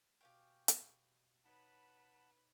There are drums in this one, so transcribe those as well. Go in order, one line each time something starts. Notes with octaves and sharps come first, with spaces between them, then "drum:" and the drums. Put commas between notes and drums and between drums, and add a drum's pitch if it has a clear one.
B2 G4 F5 G5 G#5 C#6
drum: hi-hat
D#4 B4 C#5 D#5 F#5 A5 B5